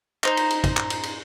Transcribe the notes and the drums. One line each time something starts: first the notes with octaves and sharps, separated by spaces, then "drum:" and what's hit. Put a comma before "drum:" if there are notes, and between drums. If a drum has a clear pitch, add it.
D#4 C5, drum: clap
drum: cymbal
drum: cymbal
drum: kick, cymbal
drum: clap
drum: cymbal
drum: cymbal